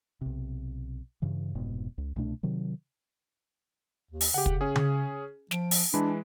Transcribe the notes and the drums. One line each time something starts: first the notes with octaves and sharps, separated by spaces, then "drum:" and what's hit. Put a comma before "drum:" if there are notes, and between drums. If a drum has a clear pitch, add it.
B1 C3
G2 C#3 E3
F1 G#2 B2
C#2
C2 B2 A3 D4
C3 D#3 F#3
D#2
drum: open hi-hat
C#3 G4 F#5
drum: kick
C#4 G#4
drum: tom C#3
F3 D7, drum: snare
drum: open hi-hat
E3 G#3 D4 B5